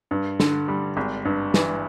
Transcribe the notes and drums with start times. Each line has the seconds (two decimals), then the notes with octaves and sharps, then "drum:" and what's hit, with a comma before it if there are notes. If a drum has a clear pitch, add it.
0.11 G2
0.40 D3, drum: snare
0.68 G3
0.97 G#1
1.25 G2
1.54 E3, drum: snare